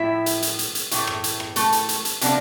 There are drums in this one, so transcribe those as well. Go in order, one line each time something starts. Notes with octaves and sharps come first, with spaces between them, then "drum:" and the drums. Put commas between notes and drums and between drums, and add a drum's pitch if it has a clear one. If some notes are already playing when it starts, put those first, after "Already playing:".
Already playing: A2 F3 E4 E5
drum: hi-hat
drum: hi-hat
drum: hi-hat
drum: hi-hat
A2 E3 A3, drum: hi-hat
drum: rim click
drum: hi-hat
drum: rim click
A3 A4, drum: hi-hat
drum: hi-hat
drum: hi-hat
drum: hi-hat
C3 F3 B3 D4, drum: hi-hat